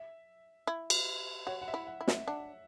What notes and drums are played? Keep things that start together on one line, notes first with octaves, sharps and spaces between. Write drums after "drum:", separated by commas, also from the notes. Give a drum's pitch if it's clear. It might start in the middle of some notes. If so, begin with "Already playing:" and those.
Already playing: E5
E4
drum: cymbal
F#4 C#5
F#5
E5
E4
F#5
E4
E5, drum: snare
D4 F#5